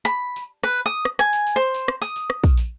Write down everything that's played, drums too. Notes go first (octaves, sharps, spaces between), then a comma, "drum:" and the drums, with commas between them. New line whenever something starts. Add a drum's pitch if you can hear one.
B5
drum: tambourine
B4, drum: rim click
D#6
drum: rim click
G#5, drum: rim click
drum: tambourine
drum: tambourine
C5
drum: tambourine
drum: rim click
D#6, drum: tambourine
drum: tambourine
drum: rim click
drum: kick, tambourine
drum: tambourine